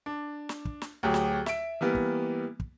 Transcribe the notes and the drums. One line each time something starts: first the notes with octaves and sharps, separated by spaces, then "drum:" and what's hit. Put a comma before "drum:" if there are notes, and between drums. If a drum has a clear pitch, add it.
D4
drum: snare
drum: kick
drum: snare
D2 F#3 G4 G#4
drum: snare
E5 D7, drum: snare
E3 G3 A#3 B3
drum: kick
drum: kick